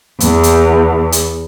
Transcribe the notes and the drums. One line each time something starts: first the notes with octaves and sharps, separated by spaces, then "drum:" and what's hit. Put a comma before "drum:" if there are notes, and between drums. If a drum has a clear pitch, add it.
E2, drum: hi-hat
drum: hi-hat
drum: hi-hat